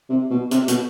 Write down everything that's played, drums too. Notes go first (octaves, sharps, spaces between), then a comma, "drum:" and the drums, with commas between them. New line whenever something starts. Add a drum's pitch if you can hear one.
C3
B2
C3, drum: hi-hat
B2, drum: hi-hat